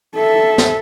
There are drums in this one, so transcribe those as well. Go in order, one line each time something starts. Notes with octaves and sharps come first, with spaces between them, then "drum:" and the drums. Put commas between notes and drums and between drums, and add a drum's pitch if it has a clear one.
A4 E5
drum: snare